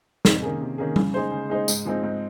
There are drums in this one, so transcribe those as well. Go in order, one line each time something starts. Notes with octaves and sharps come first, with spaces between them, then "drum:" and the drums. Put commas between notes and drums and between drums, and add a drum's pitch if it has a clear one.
C3, drum: snare
D#3 A#3 C#4 G#4
C3
D#3 A#3 C#4 G#4
C#3, drum: tom G3
G#3 D#4 G#4 C5
C#3
G#3 D#4 G#4 C5
G#2, drum: tambourine
F3 G#3 C4 D#4
G#2